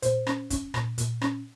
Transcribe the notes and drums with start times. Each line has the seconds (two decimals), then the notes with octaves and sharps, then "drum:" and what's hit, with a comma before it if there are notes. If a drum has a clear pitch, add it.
0.02 A#2 C5, drum: hi-hat
0.27 C#4, drum: rim click
0.50 C#4, drum: kick, hi-hat
0.74 A#2, drum: rim click
0.98 A#2, drum: hi-hat
1.22 C#4, drum: rim click